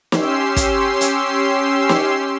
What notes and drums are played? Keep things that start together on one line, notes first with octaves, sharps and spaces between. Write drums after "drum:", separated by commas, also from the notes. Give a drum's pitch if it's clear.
C#4 G4 C6 E6 C7, drum: snare
drum: kick, hi-hat
drum: hi-hat
drum: snare